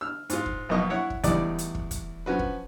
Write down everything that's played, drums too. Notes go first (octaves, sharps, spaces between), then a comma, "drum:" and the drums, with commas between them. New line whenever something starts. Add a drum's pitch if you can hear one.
E6 F6
G#2 F4, drum: hi-hat
drum: kick
B1 F2 A#3 D#5 C#6 D#6
E4 C#5 F#5
drum: kick
E2 A2 G3 D#4 D5 D6, drum: kick, hi-hat
drum: hi-hat
drum: kick
drum: kick, hi-hat
F3 C#4 F#4 B4
drum: kick